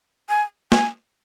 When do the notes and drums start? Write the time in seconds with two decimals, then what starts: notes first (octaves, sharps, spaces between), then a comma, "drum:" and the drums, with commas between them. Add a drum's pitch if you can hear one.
0.29 G#5
0.72 G#5, drum: snare A#3